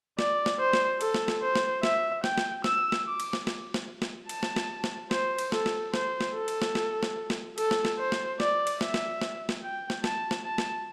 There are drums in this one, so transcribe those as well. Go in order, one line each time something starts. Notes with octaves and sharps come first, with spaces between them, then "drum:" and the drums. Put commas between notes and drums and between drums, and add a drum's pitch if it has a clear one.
D5, drum: snare
drum: snare
C5
drum: snare
A4, drum: cymbal
drum: snare
drum: snare
C5
drum: snare
E5, drum: snare
G5, drum: snare
drum: snare
E6, drum: snare
drum: snare
D6
drum: cymbal
drum: snare
drum: snare
drum: snare
drum: snare
A5, drum: cymbal
drum: snare
drum: snare
drum: snare
C5, drum: snare
drum: cymbal
A4, drum: snare
drum: snare
C5, drum: snare
drum: snare
A4
drum: cymbal
drum: snare
drum: snare
drum: snare
drum: snare
A4, drum: cymbal
drum: snare
drum: snare
C5
drum: snare
D5, drum: snare
drum: cymbal
E5, drum: snare
drum: snare
drum: snare
drum: snare
G5
drum: snare
A5, drum: snare
drum: snare
A5
drum: snare